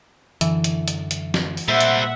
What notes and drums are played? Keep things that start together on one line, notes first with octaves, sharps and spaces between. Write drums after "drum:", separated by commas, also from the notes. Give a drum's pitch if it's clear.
F#2 D3 E3, drum: hi-hat
drum: hi-hat
drum: hi-hat
drum: hi-hat
drum: snare
drum: open hi-hat
A#2 G3 C5 E5 F#5
drum: hi-hat